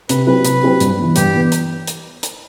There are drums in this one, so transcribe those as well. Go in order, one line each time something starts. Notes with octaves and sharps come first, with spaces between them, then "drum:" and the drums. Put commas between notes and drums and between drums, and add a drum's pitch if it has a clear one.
C3 B4, drum: hi-hat
F#3 C4 E4 G4 B4
C3, drum: hi-hat
F#3 C4 E4 G4
G2, drum: hi-hat
E3 B3
G2 G4, drum: hi-hat
E3 B3
drum: hi-hat
drum: hi-hat
drum: hi-hat